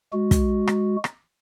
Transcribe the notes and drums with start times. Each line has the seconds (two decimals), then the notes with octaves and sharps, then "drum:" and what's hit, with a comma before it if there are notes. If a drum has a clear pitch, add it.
0.13 G#3 F#4
0.31 drum: kick, hi-hat
0.67 drum: rim click
1.04 drum: rim click